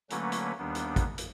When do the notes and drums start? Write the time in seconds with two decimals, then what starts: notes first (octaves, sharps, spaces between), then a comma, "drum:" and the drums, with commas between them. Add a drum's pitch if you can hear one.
0.10 D3 F#3 A3 A#3 C#4 B4, drum: hi-hat
0.32 drum: hi-hat
0.58 D#2 D#3 G3 B3 D4
0.75 drum: hi-hat
0.96 drum: kick, hi-hat
1.18 drum: hi-hat